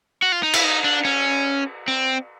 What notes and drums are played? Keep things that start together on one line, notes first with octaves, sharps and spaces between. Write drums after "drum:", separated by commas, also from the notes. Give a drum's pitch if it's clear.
F#4
F4
D#4
E4, drum: cymbal
D#4
D4
C#4
C4